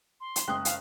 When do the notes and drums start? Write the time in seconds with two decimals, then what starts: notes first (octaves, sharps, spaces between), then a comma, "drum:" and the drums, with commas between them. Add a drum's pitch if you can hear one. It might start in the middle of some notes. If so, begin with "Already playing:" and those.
0.21 C6
0.36 drum: hi-hat
0.48 F#1 G#3 G5 D#6 F#6
0.65 F5, drum: hi-hat